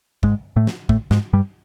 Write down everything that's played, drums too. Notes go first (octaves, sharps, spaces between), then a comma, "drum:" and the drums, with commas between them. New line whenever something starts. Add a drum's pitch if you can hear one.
G#2 G#3, drum: kick
A2 A3
drum: snare
A2 A3, drum: kick
G#2 G#3, drum: snare
G2 G3